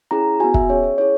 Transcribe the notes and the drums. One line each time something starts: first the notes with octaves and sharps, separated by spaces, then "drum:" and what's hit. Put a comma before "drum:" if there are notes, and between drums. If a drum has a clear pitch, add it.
C#4 E4 G#4 A#5
B3 F#4 G#5
E5, drum: kick
C#4 G#4 C#5
C#5
C#4 E4 G#4 C#5